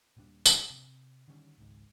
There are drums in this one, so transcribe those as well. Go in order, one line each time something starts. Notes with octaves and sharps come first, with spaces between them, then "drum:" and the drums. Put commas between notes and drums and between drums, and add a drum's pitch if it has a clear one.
D#1 A#2 G3 D4
A2, drum: tambourine
C3
D3 D#3 G3 C#4
G#1 C#2 G#2